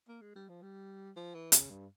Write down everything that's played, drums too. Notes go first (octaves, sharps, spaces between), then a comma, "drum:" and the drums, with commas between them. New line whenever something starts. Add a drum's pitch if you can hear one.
A#3
G#3
G3
F3
G3
F3
E3
C#3, drum: hi-hat
G2